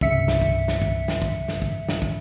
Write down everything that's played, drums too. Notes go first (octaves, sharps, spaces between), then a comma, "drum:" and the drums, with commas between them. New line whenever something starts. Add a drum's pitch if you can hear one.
C2 G2 C#3 E5 B6 C#7, drum: kick
drum: snare
drum: kick
drum: snare
drum: kick
drum: snare
drum: kick
drum: snare
drum: kick
drum: snare
drum: kick